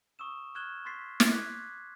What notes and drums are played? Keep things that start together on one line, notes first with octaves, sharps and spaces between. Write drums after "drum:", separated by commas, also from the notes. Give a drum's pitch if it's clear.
C#6 D#6 E6 E7
C#6 F6 F#6 G#6 E7 G7
C6 C#6 A6 B6 C7
drum: snare
D6 F#6 G#6 B6